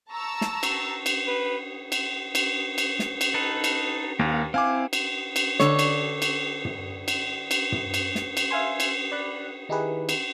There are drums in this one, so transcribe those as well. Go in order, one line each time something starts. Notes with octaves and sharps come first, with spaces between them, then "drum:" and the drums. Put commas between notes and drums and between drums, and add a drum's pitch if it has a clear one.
A5 A#5 C#6 E6
drum: snare
drum: cymbal
drum: cymbal
B4
drum: cymbal
drum: cymbal
drum: cymbal
drum: snare
drum: cymbal
D#4 A4 B4
drum: cymbal
D#2 A#3 F5 F#5
C4 E4 F5 G#5 D6
drum: cymbal
drum: cymbal
D3 C#5, drum: snare
drum: cymbal
drum: cymbal
drum: tom
drum: cymbal
drum: cymbal
drum: tom
drum: cymbal
drum: snare
drum: cymbal
E5 F5 G#5 C6
drum: cymbal
D5 B5 F#6
D#3 D#4 E4 G4 G#4 B4
drum: cymbal